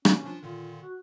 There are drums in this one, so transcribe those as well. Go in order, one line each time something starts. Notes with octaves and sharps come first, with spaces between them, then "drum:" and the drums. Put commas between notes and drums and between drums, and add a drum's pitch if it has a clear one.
B2 E3 A#3 C#4, drum: rim click
F3 D4 F4
A#2 D3 D#3 F4
F#4